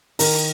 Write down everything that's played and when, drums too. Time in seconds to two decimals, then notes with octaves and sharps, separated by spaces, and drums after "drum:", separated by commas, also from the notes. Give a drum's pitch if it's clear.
0.19 D#3 A#4, drum: open hi-hat